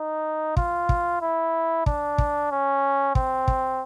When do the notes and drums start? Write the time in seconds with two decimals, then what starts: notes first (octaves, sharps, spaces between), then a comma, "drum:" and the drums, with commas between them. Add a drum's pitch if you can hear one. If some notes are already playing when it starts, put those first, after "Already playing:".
Already playing: D#4
0.57 F4, drum: kick
0.89 drum: kick
1.22 E4
1.86 D4, drum: kick
2.18 drum: kick
2.51 C#4
3.15 C4, drum: kick
3.48 drum: kick